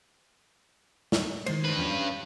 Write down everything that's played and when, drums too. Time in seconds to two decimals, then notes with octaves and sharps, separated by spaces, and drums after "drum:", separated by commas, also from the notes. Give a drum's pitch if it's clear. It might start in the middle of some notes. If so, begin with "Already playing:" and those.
1.12 drum: snare
1.46 D#3 G#3 C5, drum: cymbal
1.64 G2 B4
1.77 E2 F3 C#4
1.91 C#4